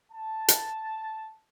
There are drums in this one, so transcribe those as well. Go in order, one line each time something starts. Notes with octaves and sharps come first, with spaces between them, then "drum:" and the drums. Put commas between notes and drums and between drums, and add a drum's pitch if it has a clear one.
A5
drum: hi-hat